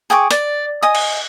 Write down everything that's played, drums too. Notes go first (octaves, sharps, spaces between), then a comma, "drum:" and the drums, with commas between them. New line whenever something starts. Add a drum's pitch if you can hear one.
G#4 G5 C#6 D6
D5, drum: hi-hat
D#5 G#5 D#6
drum: cymbal